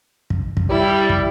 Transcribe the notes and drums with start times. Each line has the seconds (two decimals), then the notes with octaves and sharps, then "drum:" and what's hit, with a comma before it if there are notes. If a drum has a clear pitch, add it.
0.30 drum: kick
0.57 drum: kick
0.70 G3 E4
1.09 drum: kick